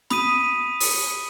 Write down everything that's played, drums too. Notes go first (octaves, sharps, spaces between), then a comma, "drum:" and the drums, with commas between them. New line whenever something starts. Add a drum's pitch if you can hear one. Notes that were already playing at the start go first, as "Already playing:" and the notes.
B5 D#6 B6 D#7, drum: snare
drum: open hi-hat